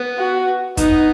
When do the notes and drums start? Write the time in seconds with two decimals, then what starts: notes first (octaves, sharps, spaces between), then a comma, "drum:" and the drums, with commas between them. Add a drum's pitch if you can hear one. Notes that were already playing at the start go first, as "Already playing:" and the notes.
Already playing: B3
0.18 F#4
0.77 B3 D#4, drum: kick, hi-hat